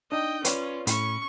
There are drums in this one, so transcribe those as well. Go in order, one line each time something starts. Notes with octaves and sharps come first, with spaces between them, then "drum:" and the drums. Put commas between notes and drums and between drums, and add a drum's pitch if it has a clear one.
D4 D#4 D#5 G5
C#4 F4 B4 C#5 D5, drum: hi-hat
A2 C#4 B5 C#6, drum: hi-hat